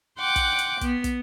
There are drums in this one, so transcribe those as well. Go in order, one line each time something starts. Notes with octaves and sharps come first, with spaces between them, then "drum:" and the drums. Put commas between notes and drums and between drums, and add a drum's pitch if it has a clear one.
F#5 G5 C6 D6 F#6
drum: kick, hi-hat
drum: hi-hat
B3, drum: kick, hi-hat
drum: kick, hi-hat